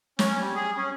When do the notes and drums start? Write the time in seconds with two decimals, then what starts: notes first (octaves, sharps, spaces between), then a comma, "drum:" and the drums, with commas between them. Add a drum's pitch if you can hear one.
0.19 C#4, drum: snare
0.40 G3
0.55 G#4
0.77 C#4